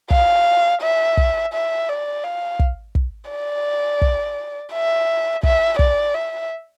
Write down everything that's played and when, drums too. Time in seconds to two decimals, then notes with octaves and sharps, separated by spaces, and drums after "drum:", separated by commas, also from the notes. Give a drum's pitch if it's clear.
0.10 F5, drum: kick
0.82 E5
1.17 drum: kick
1.53 E5
1.89 D5
2.24 F5
2.59 drum: kick
2.95 drum: kick
3.31 D5
4.02 drum: kick
4.72 E5
5.43 E5, drum: kick
5.79 D5, drum: kick
6.15 E5